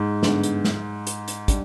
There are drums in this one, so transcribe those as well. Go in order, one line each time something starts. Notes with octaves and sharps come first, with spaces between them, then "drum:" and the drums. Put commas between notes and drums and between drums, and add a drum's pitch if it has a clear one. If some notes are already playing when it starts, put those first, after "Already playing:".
Already playing: G#2
G2 D3 G#3 B3, drum: snare
drum: hi-hat
drum: snare
drum: hi-hat
drum: hi-hat
G3 D4, drum: kick, hi-hat